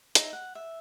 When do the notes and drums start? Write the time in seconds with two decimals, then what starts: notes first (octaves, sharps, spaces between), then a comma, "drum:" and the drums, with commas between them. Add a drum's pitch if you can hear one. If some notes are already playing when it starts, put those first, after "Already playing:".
0.15 D#4 E5, drum: hi-hat
0.33 F#5
0.55 E5